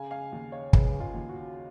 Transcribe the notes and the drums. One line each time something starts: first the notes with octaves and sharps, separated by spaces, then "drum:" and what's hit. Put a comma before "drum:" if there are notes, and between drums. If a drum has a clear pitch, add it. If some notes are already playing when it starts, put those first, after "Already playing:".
Already playing: C#3 F5 G#5
F5 G#5
D#2
C#5 F5
C#3 G#4 B4, drum: kick
F4 G#4
D#2
F#4